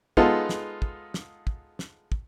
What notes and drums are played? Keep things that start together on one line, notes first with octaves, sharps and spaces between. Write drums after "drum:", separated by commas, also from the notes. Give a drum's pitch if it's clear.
G#3 B3 D#4 F4 A4, drum: kick
drum: snare
drum: kick
drum: snare
drum: kick
drum: snare
drum: kick